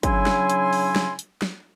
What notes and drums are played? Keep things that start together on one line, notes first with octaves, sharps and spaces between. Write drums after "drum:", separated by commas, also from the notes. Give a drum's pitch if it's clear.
C#3 F#3 D4 E4 G#5 C6, drum: kick, hi-hat
drum: snare
drum: hi-hat
drum: open hi-hat
drum: snare
drum: hi-hat
drum: snare